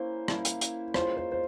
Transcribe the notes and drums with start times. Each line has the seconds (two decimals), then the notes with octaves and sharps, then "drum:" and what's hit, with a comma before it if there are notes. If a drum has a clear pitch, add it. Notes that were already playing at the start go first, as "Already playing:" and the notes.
Already playing: A#3 C#4 E4 C5
0.28 A#3 C#4 E4, drum: rim click
0.45 drum: hi-hat
0.61 drum: hi-hat
0.94 G#3 C#4 F4 C5, drum: rim click
1.17 C5
1.32 C5